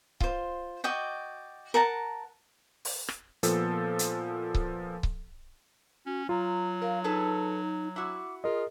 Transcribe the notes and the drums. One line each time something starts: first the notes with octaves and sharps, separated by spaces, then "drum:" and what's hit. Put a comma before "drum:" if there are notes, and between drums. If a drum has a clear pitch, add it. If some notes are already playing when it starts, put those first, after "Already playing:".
F4 C5, drum: kick C#1
F#4 D5 D#5 G5
A#4 F#5 A5 A#5
drum: open hi-hat
drum: rim click
A#2 F3 B3 A4, drum: hi-hat
drum: hi-hat
drum: kick C#1
drum: kick C#1
C#4 F#4
F#3 F4 A#5
A#4 F5
D#4 G#4 A4 B4
E4 F#4 D6
F4 G#4 A#4 D#5